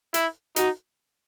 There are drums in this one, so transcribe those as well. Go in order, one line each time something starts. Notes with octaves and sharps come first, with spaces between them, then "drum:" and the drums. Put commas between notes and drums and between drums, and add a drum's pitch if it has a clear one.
E4, drum: hi-hat
D#4 F#4, drum: hi-hat